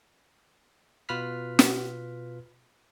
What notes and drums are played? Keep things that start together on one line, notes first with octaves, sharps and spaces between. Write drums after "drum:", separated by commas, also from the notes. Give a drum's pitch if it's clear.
B2 F4 B4 B5 F6 B6
drum: snare